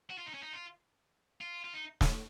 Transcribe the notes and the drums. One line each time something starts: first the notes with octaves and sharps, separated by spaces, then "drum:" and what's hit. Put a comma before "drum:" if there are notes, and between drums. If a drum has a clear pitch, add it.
F#4
F4
D#4
C#4
D#4
F4
F4
F4
D#4
drum: snare